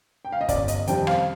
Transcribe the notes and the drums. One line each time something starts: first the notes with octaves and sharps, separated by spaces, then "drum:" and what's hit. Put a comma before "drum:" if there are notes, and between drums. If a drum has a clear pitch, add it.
G5
F5
D#5
G1 D5, drum: kick, hi-hat
D#5, drum: hi-hat
F2 C3 D#3 G3 G5, drum: hi-hat
F5, drum: rim click